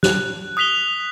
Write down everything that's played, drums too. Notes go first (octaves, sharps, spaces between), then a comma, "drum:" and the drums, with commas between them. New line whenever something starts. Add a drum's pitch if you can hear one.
F#6, drum: snare
D#6 F#6 B6 F7 G7